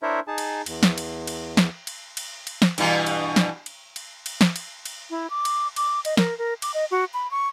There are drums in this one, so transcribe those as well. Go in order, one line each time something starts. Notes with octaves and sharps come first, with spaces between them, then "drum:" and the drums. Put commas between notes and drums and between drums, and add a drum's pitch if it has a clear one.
D4 E4 A#4 C5 C#5 E5
D#4 G#4 A5
drum: cymbal
E2, drum: cymbal
drum: snare
drum: cymbal
drum: cymbal
drum: snare
drum: cymbal
drum: cymbal
drum: cymbal
drum: snare
G2 B2 E3, drum: cymbal
drum: cymbal
drum: snare
drum: cymbal
drum: cymbal
drum: cymbal
drum: snare
drum: cymbal
drum: cymbal
E4
D6
drum: cymbal
D6, drum: cymbal
D#5, drum: cymbal
A#4, drum: snare
A#4
D6, drum: cymbal
D#5
F#4
B5
C#6